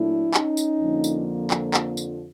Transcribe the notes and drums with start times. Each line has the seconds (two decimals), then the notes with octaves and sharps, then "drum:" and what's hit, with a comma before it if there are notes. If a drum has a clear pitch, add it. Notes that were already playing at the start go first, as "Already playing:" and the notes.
Already playing: A#2 F#3 A3 D4 E4
0.34 C#4 D#4, drum: clap
0.57 drum: tambourine
0.80 F2 D3 F3 A#3
1.04 drum: tambourine
1.51 drum: clap
1.74 drum: clap
1.97 drum: tambourine